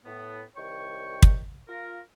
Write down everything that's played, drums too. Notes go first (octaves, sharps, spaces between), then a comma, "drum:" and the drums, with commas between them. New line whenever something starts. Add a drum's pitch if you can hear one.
A2 B3
C2 D#3 C#5 G5 C#6
drum: kick
F4 A#4